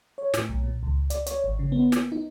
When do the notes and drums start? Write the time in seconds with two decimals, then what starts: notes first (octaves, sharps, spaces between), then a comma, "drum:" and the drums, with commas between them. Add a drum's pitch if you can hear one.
0.18 C#5
0.34 A2, drum: snare
0.49 B1
0.63 A#2
0.83 C#2
1.10 D5, drum: hi-hat
1.26 C#5, drum: hi-hat
1.44 G#1
1.59 C#3
1.72 B3
1.92 A#3, drum: snare
2.12 D#4